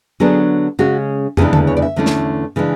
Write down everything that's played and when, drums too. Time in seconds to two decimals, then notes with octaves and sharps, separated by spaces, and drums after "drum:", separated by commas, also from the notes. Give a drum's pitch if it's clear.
0.20 D3 F#3 B3 D4 G#4
0.79 C#3 G#3 C#4 F#4
1.37 E2 C#3 E3 G#3 D4 G#4, drum: tom
1.53 A4, drum: tom D3
1.67 C#5
1.77 D5
1.82 E5
1.96 E2 D3 A3 C#4 E4
2.06 drum: snare
2.56 C#3 E3 G#3 D4